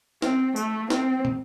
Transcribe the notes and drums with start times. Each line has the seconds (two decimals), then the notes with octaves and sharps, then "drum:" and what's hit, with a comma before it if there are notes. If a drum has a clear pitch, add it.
0.22 C4, drum: snare
0.56 A3, drum: tambourine
0.90 C4, drum: snare
1.25 drum: tom